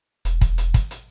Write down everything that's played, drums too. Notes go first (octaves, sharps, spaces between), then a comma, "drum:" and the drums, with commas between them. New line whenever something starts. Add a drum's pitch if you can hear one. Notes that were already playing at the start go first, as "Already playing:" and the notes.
E1, drum: hi-hat
drum: kick, hi-hat
drum: hi-hat
drum: kick, hi-hat
drum: hi-hat